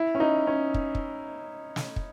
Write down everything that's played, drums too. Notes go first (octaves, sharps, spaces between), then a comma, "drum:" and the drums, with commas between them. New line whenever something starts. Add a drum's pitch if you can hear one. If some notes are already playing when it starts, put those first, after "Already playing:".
Already playing: E4
C#4
D#4
C#4
drum: kick
drum: kick
drum: snare
drum: kick